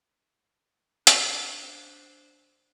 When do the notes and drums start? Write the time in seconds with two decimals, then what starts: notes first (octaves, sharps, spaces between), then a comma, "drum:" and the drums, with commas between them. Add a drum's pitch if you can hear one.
1.07 D4 C5, drum: hi-hat